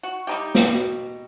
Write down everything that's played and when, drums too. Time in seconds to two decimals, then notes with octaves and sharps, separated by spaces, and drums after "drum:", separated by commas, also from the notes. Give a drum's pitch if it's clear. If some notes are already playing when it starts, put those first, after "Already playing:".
0.03 F#4
0.27 G3 D#4 G4
0.55 drum: snare
0.72 B2